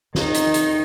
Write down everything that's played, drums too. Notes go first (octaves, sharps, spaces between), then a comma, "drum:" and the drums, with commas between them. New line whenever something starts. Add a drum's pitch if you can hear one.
D#3 D#4, drum: snare
drum: hi-hat
drum: hi-hat